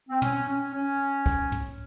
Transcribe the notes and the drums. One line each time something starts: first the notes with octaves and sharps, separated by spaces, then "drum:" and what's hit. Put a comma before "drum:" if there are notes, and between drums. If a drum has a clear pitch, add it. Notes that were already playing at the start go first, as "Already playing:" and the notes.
C4
C#4, drum: tom
C#4
C#4
drum: kick
drum: tom